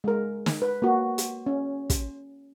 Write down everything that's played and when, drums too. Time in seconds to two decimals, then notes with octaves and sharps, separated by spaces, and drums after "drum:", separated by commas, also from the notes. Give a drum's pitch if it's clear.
0.04 G#3 A#4
0.46 drum: snare
0.62 B4
0.82 A#3 F#4
1.18 drum: hi-hat
1.46 C#4
1.90 drum: kick, hi-hat